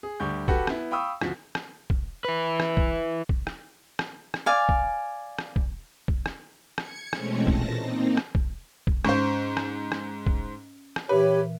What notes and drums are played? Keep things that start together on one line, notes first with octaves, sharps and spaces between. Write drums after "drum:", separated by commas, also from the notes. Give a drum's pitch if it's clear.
G#4
D2 G3 C#6 G6
F#4 G4 A4 B4 F#5, drum: kick
B3 E4, drum: rim click
F5 G5 B5 C#6 D#6 E6
D2 F3 F#4 B6, drum: rim click
drum: rim click
drum: kick
E4 B4
drum: rim click
drum: kick
drum: kick
drum: rim click
drum: rim click
drum: rim click
D5 F5 G#5
drum: kick
drum: rim click
drum: kick
drum: kick
drum: rim click
G#6 C#7, drum: rim click
B2 E3 G#3 A3 C4 C#4, drum: rim click
A#2 A5 A#6, drum: kick
A#3 C4 D#4
drum: rim click
drum: kick
drum: kick
G#2 C#4 C5, drum: rim click
drum: rim click
drum: rim click
drum: kick
drum: rim click
A#2 E3 G4 B4 C#5